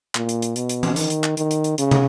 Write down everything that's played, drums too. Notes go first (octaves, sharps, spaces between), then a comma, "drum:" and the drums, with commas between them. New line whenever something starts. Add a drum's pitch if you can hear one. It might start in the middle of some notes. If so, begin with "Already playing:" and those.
A#2, drum: clap
drum: hi-hat
drum: hi-hat
B2, drum: hi-hat
drum: hi-hat
drum: tom E3
D#3, drum: hi-hat
drum: hi-hat
drum: clap
D#3, drum: hi-hat
drum: hi-hat
drum: hi-hat
C#3, drum: hi-hat
drum: tom